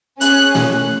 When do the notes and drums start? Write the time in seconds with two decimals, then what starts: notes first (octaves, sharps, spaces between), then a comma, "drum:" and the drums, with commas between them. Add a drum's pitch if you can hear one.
0.21 C#4 G#4 F#6, drum: hi-hat
0.55 drum: snare A3